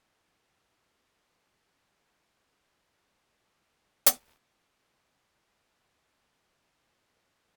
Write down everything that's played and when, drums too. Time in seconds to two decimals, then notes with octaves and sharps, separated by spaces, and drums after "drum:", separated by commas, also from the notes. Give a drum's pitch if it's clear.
0.01 F#5
2.62 C2 A#2
4.06 drum: hi-hat
6.56 D2 C3 D#5 E5 A#6
6.99 A#2 B3 D4 G5 F#7
7.42 G3 B3 C#4 G4 G#4 D5